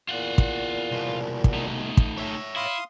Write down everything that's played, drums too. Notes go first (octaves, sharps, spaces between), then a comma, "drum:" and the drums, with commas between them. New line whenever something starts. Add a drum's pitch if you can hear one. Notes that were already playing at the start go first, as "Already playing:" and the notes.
E2 A#2 F4 F#5
drum: kick
C2 B2
drum: kick
A3 D#4
drum: kick
C#5 E5
E4 F5 C6 D#6